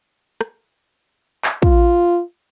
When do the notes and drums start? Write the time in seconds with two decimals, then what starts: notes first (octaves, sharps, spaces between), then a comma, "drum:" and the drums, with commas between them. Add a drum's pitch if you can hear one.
0.41 drum: rim click
1.44 drum: clap
1.62 F4, drum: kick